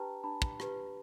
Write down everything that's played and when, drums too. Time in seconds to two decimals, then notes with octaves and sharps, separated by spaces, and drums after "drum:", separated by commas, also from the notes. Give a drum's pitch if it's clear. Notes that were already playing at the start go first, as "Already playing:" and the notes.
Already playing: D4 G4 B4 G5 A5 A#5
0.23 D4 A5 B5
0.42 drum: kick
0.60 G4 B4, drum: rim click